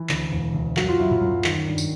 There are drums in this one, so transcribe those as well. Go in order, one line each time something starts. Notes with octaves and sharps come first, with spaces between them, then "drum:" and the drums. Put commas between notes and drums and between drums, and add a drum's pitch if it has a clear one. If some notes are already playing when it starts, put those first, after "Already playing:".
Already playing: E3
D2, drum: clap
E1
D2
F#2 F#4, drum: clap
F4
F#3 E4
F4, drum: tom A2
F#2
D#3, drum: clap
G2
drum: tambourine